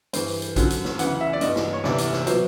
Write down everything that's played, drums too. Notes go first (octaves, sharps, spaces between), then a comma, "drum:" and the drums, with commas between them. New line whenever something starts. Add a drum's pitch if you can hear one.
G2 E3 C5, drum: hi-hat
drum: open hi-hat
drum: hi-hat
F#2 D3 F#3, drum: kick A#1, hi-hat
drum: hi-hat
drum: snare
D2 C#3 E3 F#5, drum: hi-hat
E5
D5
G2 E3 D#5, drum: hi-hat
drum: snare
C#5
D2 C3 E3 D5, drum: snare
drum: hi-hat
drum: snare
B2 F#3 C5, drum: hi-hat